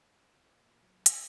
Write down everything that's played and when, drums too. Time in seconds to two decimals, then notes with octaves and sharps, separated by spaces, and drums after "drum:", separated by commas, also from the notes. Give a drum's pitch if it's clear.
0.19 C4
0.51 A#2
0.82 F#3
1.06 drum: hi-hat